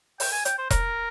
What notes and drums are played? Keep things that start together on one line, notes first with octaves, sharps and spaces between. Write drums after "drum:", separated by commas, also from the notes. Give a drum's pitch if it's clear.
G5, drum: open hi-hat
G#5
G5, drum: hi-hat
C5
A#4, drum: kick E1, hi-hat